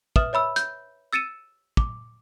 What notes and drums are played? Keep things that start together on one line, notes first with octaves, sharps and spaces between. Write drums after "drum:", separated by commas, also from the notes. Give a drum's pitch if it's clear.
B4 E5 D#6 F6 E7, drum: kick
C#5 E5 B5 E6
G6, drum: hi-hat
E6 A6 C#7 D#7 E7
D6, drum: kick